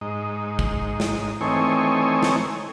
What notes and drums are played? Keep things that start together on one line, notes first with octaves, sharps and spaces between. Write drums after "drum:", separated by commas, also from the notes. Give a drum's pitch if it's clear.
G#2 D#4
drum: kick
drum: snare E4
E3 A3 C4 D#4 C#5 G#5
drum: snare E4